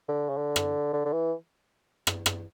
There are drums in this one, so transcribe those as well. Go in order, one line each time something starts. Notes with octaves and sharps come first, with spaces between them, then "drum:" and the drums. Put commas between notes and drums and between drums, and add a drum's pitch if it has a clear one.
D3
C#3
D3
drum: rim click
D3
D3
E3
drum: rim click
drum: rim click